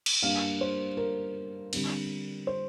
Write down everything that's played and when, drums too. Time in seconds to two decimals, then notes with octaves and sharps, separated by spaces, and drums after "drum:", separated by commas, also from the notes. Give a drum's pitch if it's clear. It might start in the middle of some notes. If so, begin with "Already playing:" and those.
0.06 drum: cymbal
0.23 G2 G3 A#3 D4 F5
0.61 C5
0.97 A#4
1.73 D3 G3 C4, drum: cymbal
2.47 C5